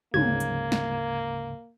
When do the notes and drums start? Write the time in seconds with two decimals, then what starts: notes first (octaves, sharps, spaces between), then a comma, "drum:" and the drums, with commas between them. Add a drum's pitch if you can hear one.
0.14 D2 G#2 C#3 A#3 G#6, drum: tom
0.40 drum: hi-hat
0.72 drum: snare